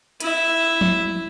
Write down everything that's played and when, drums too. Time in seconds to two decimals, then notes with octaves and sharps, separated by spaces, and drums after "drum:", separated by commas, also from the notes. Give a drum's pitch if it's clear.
0.20 E4 E5, drum: hi-hat
0.81 drum: tom